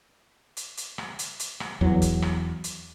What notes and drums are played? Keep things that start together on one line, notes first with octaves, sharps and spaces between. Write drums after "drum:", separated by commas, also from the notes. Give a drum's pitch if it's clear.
drum: hi-hat
drum: hi-hat
drum: rim click
drum: hi-hat
drum: hi-hat
drum: rim click
E2 F#3
drum: kick F1, hi-hat
drum: rim click
drum: hi-hat